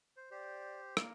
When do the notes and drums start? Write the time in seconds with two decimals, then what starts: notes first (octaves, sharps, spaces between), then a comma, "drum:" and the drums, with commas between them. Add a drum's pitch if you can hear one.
0.17 C5
0.31 G4 C5 D5
0.97 A#3, drum: rim click